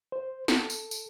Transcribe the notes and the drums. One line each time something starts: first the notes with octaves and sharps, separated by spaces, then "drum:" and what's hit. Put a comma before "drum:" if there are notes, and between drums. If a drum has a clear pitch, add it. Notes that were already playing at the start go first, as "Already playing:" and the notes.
C5
A4, drum: snare
drum: tambourine
drum: tambourine